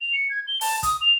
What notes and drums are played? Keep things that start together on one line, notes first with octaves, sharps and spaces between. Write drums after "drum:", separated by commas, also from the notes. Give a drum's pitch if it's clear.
F7
C#7
G#6
G7
A5, drum: open hi-hat
D#6, drum: kick, hi-hat
F7